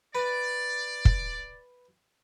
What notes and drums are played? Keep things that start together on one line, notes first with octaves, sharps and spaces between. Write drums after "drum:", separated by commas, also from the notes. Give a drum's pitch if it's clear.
B4 D5
drum: kick